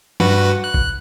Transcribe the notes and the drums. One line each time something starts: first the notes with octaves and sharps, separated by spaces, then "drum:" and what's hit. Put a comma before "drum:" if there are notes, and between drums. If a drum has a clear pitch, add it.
G2 F#4 B4, drum: snare
F#6
drum: kick